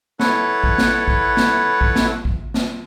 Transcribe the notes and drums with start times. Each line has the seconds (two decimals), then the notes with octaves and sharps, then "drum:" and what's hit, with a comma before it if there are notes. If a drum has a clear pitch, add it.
0.20 E4 A4 B4 C#5 F#5, drum: snare
0.64 drum: kick A1
0.78 drum: snare
1.08 drum: kick A1
1.37 drum: snare
1.81 drum: kick A1
1.96 drum: snare
2.25 drum: kick A1
2.54 drum: snare